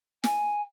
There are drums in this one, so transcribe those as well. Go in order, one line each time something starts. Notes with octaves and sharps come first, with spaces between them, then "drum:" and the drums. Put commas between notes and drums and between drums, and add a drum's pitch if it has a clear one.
G#5, drum: snare